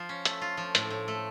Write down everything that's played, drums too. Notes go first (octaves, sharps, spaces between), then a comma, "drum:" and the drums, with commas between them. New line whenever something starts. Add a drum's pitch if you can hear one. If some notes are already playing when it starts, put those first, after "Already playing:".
Already playing: F3 F4
C#4
A3, drum: hi-hat
F4
F3
A2, drum: hi-hat
A2
A3